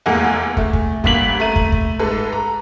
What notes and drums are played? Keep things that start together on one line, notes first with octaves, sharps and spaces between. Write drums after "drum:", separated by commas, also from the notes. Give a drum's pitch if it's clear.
F1 E2 G#3 A#3 F#5 G#5
A3, drum: kick
drum: kick
A1 G2 A#3 B6 F#7, drum: kick
A3 A#5 D#7
drum: kick
drum: kick
G#2 G#3 A4 B4
A#5